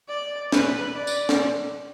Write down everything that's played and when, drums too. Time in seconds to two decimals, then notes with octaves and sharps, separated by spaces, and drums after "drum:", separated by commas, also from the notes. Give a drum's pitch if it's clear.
0.09 D5
0.52 B4, drum: snare
0.95 D5
1.07 drum: tambourine
1.29 drum: snare